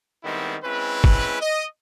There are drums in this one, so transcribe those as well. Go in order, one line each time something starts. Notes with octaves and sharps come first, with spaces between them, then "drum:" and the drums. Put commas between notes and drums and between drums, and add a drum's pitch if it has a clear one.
D#3 G3 G#3 B3 C4 E4
G#3 C4 C#4 E4 B4
drum: kick
D#5